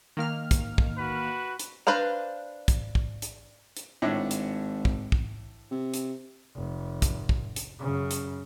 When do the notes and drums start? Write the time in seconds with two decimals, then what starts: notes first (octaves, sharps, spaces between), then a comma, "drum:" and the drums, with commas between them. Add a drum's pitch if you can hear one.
0.17 D#3 A#3 F6
0.51 drum: kick, hi-hat
0.78 drum: kick
0.98 F#4 B4
1.59 drum: hi-hat
1.87 D4 B4 C5 F5 A#5
2.68 drum: kick, hi-hat
2.95 drum: kick
3.22 drum: hi-hat
3.77 drum: hi-hat
4.02 G#1 A2 D4 C#5
4.31 drum: hi-hat
4.85 drum: kick
5.12 drum: kick
5.71 C3
5.94 drum: hi-hat
6.56 F1
7.02 drum: kick, hi-hat
7.29 drum: kick
7.56 drum: hi-hat
7.80 F#2 C#3
8.11 drum: hi-hat